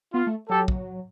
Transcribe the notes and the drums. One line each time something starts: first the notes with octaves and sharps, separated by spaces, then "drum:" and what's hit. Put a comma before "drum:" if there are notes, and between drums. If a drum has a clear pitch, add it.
B3 F4
A3
F#3 G4 A4
drum: kick